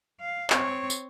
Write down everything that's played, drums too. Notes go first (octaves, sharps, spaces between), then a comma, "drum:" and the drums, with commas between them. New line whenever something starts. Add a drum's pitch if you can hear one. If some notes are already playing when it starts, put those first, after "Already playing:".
F5
C4 C#5, drum: clap
drum: tambourine